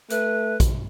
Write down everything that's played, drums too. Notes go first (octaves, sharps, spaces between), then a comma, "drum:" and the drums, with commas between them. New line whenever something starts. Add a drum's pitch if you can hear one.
A3 B4, drum: hi-hat
drum: kick A#1, hi-hat